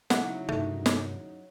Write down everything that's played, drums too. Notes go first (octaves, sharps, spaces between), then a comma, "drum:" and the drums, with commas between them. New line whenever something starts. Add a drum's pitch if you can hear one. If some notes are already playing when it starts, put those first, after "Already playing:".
C#3 F#3 D#4 E4 F#5, drum: snare
G2 C3 D#3 A3
drum: snare